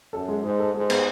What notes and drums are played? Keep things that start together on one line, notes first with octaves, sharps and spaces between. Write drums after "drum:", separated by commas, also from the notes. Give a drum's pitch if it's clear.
F#2 A4
G#3
G#2 D#4
A4
G#2 G#3
B3, drum: cymbal